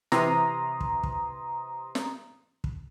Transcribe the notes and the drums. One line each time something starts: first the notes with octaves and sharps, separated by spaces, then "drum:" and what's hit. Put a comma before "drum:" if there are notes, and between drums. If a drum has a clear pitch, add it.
C3 E3 A#5 C6 D#6, drum: snare
drum: kick
drum: kick
drum: snare
drum: kick